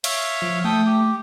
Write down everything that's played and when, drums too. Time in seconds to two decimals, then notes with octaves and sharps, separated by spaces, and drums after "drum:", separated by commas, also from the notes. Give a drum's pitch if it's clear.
0.04 C#5 E5 F5, drum: cymbal
0.42 F3
0.64 A3 A4 G5 D#6
0.86 G4